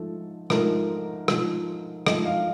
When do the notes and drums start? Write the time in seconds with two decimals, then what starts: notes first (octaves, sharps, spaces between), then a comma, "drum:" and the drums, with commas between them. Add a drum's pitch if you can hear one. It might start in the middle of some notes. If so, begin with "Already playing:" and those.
Already playing: G#2 F3 A3 A4
0.50 G#2 F3 A3 A#4, drum: rim click
1.28 G#2 F3 A3, drum: rim click
2.06 G#2 F3 A3 D#5, drum: rim click
2.26 F5